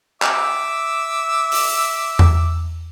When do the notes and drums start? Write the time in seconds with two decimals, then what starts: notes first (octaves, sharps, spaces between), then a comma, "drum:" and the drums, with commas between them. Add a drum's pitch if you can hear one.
0.22 E5 D6 E6, drum: clap
1.52 drum: open hi-hat
2.19 drum: tom E2